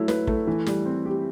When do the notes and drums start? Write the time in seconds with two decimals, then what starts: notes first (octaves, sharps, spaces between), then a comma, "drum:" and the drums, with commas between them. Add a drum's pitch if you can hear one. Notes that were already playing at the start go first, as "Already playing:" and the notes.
Already playing: F#3 A3 E4
0.08 B4, drum: snare
0.27 A3, drum: kick
0.47 E3
0.66 G3, drum: snare
0.85 C4
1.05 G4